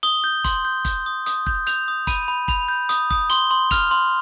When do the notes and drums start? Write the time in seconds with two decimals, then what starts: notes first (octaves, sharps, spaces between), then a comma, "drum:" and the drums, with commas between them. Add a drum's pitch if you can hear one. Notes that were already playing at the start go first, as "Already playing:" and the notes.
0.03 D#6 G7
0.24 G6
0.44 C6, drum: kick, hi-hat
0.65 G6
0.85 G6, drum: kick, hi-hat
1.06 D#6
1.26 D#6, drum: hi-hat
1.46 G6, drum: kick
1.67 G6 F7, drum: hi-hat
1.88 D#6
2.07 B5 D#7, drum: kick, hi-hat
2.28 B5
2.48 B5 F7, drum: kick
2.68 G6
2.89 D#6, drum: hi-hat
3.10 D#6, drum: kick
3.30 C6 G7, drum: hi-hat
3.51 C6
3.71 F6 F7, drum: kick, hi-hat
3.91 C6